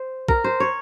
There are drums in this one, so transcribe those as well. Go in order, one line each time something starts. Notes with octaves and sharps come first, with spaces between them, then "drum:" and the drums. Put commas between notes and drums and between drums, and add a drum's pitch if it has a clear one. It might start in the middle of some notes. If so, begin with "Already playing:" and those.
Already playing: C5
A#4, drum: kick
C5
C#5